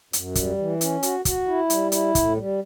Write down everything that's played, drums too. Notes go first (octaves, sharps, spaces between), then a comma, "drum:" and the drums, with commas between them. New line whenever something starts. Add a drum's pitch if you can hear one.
F#2, drum: hi-hat
G3, drum: kick, hi-hat
E3
C#4, drum: hi-hat
F#4, drum: hi-hat
F#4, drum: kick, hi-hat
E4
G3, drum: hi-hat
E4, drum: hi-hat
A2, drum: kick, hi-hat
G3